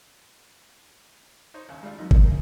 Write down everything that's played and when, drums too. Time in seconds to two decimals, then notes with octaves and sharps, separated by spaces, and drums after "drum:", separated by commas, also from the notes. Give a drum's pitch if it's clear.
1.54 D#4 C5 C#5
1.69 A#1 D#2 C#3
1.83 G3 G#3 D4 F4
1.99 F2 D#3 F3 F#3 D#4
2.11 D#3 A#3 D#4 E5, drum: kick G1
2.25 E2 G#4